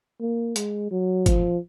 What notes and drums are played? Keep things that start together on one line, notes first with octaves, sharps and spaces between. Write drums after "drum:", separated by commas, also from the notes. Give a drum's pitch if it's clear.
A#3
G#3, drum: hi-hat
F#3
F3, drum: kick, hi-hat